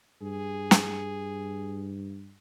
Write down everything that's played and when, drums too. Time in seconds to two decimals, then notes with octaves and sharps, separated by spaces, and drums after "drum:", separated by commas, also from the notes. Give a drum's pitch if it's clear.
0.22 G2 G#4
0.71 drum: snare